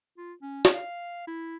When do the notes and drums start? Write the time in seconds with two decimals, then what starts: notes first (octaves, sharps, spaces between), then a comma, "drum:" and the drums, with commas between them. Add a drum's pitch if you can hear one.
0.18 F4
0.42 C#4
0.65 drum: snare
0.74 F5
1.28 E4